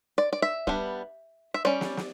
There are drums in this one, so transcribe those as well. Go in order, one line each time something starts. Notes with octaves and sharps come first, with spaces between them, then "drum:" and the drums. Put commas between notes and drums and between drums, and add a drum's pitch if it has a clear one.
D5
D5
E5
G3 B3 D4, drum: kick
E5
G3 C#4 D5
drum: snare
drum: snare